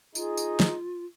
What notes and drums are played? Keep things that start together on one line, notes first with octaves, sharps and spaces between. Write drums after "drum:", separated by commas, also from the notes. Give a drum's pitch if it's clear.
D#4 F4 G#4, drum: tambourine
drum: tambourine
drum: snare